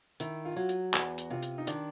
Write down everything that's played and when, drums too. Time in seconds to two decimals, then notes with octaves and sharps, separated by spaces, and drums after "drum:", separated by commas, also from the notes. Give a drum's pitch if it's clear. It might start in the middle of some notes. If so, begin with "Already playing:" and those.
0.20 D#3 E4, drum: hi-hat
0.45 F4
0.56 F#3
0.69 drum: hi-hat
0.94 E2 F#4, drum: clap
1.18 drum: hi-hat
1.30 C3 F4
1.43 drum: hi-hat
1.58 D#4
1.67 D#3 D4, drum: hi-hat